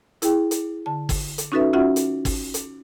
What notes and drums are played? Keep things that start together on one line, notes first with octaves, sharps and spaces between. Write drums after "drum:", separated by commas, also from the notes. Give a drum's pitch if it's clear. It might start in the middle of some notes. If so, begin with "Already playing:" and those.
E4 G#4 G5, drum: hi-hat
drum: hi-hat
D3 A5
drum: kick, open hi-hat
drum: hi-hat
C#4 D#4 F#4 A4 B4 E5
C#4 F4 F#4 E5 F#5
drum: hi-hat
drum: kick, open hi-hat
drum: hi-hat